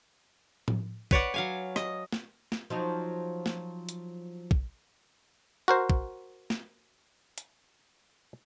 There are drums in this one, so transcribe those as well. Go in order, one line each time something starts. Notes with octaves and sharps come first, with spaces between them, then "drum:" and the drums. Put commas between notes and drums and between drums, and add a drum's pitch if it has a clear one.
drum: tom A2
B4 C#5 D5 F#5, drum: kick
F#3 F5 G#5
D#5, drum: rim click
drum: snare
drum: snare
F3 F#3 D#4
drum: snare
drum: hi-hat
drum: kick
F#4 A#4 C5
drum: kick
drum: snare
drum: hi-hat